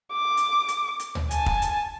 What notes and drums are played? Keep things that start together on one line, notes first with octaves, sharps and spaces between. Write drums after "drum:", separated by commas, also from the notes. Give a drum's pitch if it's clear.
D6
drum: hi-hat
drum: hi-hat
drum: hi-hat
drum: tom
G#5 A5, drum: hi-hat
drum: kick
drum: hi-hat